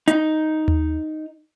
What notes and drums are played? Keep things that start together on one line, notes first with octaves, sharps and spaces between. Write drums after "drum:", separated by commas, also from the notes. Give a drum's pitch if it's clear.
D#4, drum: hi-hat
drum: tom D#2